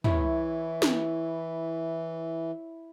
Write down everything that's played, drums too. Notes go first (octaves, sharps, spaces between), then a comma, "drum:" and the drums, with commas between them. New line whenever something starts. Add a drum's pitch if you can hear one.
E3 E4 C#5, drum: tom
drum: snare